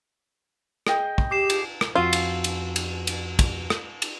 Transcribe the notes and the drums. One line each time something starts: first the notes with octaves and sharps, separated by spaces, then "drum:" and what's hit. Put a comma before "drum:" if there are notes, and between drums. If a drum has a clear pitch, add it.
G#4 D#5 G5, drum: rim click
drum: kick
G4 D6 C7 E7
drum: cymbal
drum: rim click
F2 F4 F#4 E6
drum: cymbal
drum: cymbal
drum: cymbal
drum: cymbal
drum: kick, cymbal
drum: rim click
drum: cymbal